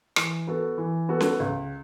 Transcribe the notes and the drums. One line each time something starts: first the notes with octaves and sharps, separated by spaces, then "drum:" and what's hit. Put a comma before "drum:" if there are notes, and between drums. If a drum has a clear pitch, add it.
E3, drum: rim click
B3 F#4 A4
E3
B3 F#4 A4
drum: snare C#4
C#2